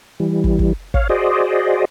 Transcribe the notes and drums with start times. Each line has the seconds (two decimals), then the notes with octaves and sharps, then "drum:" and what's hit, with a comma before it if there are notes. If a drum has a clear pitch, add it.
0.20 E3 G3
0.44 drum: kick
0.59 drum: kick
0.94 C#5 F5, drum: kick
1.09 F#4 G#4 C5 D5 D#5